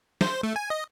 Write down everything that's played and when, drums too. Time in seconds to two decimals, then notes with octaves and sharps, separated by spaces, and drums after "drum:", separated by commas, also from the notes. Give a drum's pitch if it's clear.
0.21 C5, drum: snare
0.43 A3
0.56 G#5
0.70 D#5